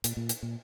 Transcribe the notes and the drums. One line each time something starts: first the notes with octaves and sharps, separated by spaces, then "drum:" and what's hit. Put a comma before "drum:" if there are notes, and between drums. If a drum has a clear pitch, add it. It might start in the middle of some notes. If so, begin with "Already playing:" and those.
A#2, drum: hi-hat
A#2
drum: hi-hat
A#2